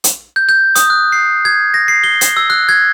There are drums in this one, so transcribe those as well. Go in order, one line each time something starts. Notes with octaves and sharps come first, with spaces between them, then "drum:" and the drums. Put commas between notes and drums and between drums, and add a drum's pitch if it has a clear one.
drum: hi-hat
G6
G6
D#6, drum: hi-hat
F#6
C7
G#6
A#6
C7
G7
drum: hi-hat
E6
F#6
G#6